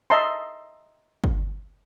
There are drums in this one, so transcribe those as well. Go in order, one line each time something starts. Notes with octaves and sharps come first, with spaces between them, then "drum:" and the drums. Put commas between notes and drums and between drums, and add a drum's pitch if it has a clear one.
D#5 E5 A5 A#5 C6
drum: kick